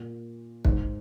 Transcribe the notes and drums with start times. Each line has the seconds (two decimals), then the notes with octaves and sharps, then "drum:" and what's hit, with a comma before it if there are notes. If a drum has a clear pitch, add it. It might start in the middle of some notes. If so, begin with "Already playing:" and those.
Already playing: A#2
0.65 G#2, drum: kick